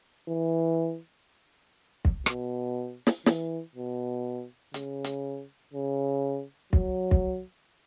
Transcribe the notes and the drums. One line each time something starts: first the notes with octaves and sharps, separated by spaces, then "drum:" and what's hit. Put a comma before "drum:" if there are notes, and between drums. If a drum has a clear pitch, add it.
E3
drum: kick
B2, drum: rim click
drum: snare
E3, drum: snare
B2
C#3, drum: hi-hat
drum: hi-hat
C#3
F#3, drum: kick
drum: kick